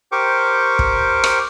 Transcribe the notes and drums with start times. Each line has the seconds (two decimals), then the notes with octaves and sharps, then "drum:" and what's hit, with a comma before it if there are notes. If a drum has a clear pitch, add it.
0.12 G4 A#4 C5 G5 C#6 D6
0.79 drum: kick
1.24 drum: rim click